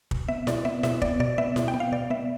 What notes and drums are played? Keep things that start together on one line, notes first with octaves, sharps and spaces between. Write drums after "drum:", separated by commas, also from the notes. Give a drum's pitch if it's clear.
B2, drum: kick
B3 E5
B2 D5, drum: snare E4
B3 E5
B2 E5, drum: snare E4
B3 D5, drum: kick
B2 D5
B3 E5
B2, drum: snare E4
G5
B3
F5
B2 D5
B3 E5